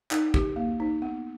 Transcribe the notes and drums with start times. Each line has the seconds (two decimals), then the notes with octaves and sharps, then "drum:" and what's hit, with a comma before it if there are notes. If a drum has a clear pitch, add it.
0.11 D#4, drum: clap
0.34 G4, drum: kick
0.56 A#3
0.80 D#4
1.02 B3